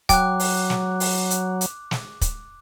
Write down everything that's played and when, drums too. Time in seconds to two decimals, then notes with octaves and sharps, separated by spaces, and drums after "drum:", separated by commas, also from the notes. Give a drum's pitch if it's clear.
0.09 F#3 G5 D6 F#6, drum: kick, hi-hat
0.40 drum: open hi-hat
0.70 drum: snare
1.00 drum: open hi-hat
1.30 drum: hi-hat
1.61 drum: hi-hat
1.91 drum: snare
2.21 drum: kick, hi-hat